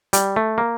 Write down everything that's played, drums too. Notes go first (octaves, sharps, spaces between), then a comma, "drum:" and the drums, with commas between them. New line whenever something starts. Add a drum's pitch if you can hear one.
G3, drum: hi-hat
A3
A#3